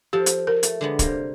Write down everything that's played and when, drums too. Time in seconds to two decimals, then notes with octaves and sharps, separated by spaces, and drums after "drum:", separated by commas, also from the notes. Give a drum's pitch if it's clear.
0.13 F3 G4 A4 A5
0.26 drum: hi-hat
0.47 A#4
0.63 A3, drum: hi-hat
0.81 D3 G#3 B3
0.99 C3 G3 A#3, drum: kick, hi-hat